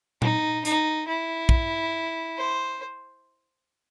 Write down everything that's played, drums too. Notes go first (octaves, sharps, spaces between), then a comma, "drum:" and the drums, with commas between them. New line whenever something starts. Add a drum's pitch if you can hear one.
D#4, drum: tom A#2
D#4, drum: hi-hat
E4
drum: kick A#1
C5